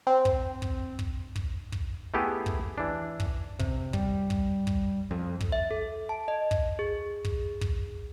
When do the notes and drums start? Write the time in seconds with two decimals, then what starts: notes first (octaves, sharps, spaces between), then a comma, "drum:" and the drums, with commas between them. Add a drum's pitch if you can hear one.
0.07 C4
0.25 drum: kick
0.62 drum: kick
0.99 drum: kick
1.36 drum: kick
1.72 drum: kick
2.14 A3 B3 E4 G4 G#4
2.46 drum: kick
2.78 E3 D4
3.20 drum: kick
3.59 C3, drum: kick
3.93 G3, drum: kick
4.30 drum: kick
4.67 drum: kick
5.11 F2
5.40 drum: kick
5.52 E5
5.71 A4
6.09 A5
6.28 D#5
6.51 drum: kick
6.79 G#4
7.25 drum: kick
7.61 drum: kick